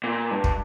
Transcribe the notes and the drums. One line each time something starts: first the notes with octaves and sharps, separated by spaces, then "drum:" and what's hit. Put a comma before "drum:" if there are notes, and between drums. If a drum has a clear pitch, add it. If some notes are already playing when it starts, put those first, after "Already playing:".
A#2
G2
drum: kick